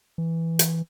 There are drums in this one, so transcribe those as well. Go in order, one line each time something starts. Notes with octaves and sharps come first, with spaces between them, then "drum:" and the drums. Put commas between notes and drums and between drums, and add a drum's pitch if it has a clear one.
E3
drum: hi-hat